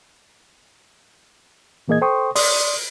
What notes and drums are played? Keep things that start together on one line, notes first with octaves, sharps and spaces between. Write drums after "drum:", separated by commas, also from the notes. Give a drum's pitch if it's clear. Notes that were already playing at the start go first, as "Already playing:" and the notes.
A#2 E3 A#3 G#4 D#5 G#6
A4 C5 G5 C6 C#6 D#6
D5 C6 D#6, drum: open hi-hat